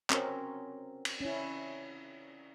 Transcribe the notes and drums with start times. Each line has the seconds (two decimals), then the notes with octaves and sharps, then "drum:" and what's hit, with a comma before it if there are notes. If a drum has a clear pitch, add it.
0.10 C4 C#4 F#4 A#4, drum: clap
1.05 drum: cymbal
1.21 C#4 E4